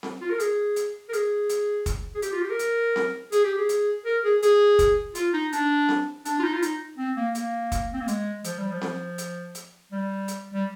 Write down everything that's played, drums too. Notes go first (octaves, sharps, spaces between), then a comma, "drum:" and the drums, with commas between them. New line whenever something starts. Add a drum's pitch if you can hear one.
drum: snare C4
F4
A#4
G#4, drum: hi-hat
drum: hi-hat
A#4
G#4, drum: hi-hat
drum: hi-hat
drum: kick, hi-hat
G#4
G4, drum: hi-hat
F4
G4
A#4
drum: hi-hat
drum: snare C4
G#4, drum: hi-hat
G4
G#4
drum: hi-hat
A#4
G#4
G#4, drum: hi-hat
drum: kick, hi-hat
F4, drum: hi-hat
D#4
D4, drum: hi-hat
drum: snare C4
D4, drum: hi-hat
F4
D#4
F4
D#4, drum: hi-hat
C4
A#3
A#3, drum: hi-hat
drum: kick, hi-hat
C4
A#3
G#3, drum: hi-hat
F3, drum: hi-hat
G3
F3
drum: snare C4
drum: hi-hat
drum: hi-hat
G3
drum: hi-hat
G3